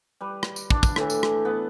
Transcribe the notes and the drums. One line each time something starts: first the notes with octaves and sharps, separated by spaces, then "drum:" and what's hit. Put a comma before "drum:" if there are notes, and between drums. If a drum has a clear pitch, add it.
G3 B4
drum: rim click
drum: tambourine
D4, drum: kick
drum: kick, tambourine
A2 E3, drum: rim click
drum: tambourine
drum: rim click
B3